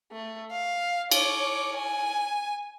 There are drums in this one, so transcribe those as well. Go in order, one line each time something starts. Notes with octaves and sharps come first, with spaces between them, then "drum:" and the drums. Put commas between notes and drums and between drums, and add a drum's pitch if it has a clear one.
A3
F5
C#5 D6, drum: cymbal
G#5